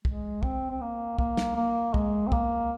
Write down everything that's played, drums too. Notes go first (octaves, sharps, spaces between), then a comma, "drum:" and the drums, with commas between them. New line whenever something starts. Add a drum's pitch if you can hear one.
G#3, drum: kick
C4, drum: kick
C4
A#3
A#3, drum: kick
drum: snare
A#3
G#3, drum: kick
C4
A#3, drum: kick